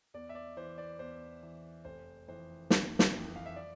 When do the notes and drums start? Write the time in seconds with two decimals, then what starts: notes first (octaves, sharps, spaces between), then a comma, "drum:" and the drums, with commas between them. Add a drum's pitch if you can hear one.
0.14 E2 D5
0.29 E5
0.35 D5
0.57 E3 C5
0.78 D5
0.99 E2 C5
1.43 E3
1.85 F1 C5
2.28 F2 E3 C5
2.70 F1, drum: snare
2.99 drum: snare
3.14 F2 E3
3.36 F5
3.46 E5
3.56 D5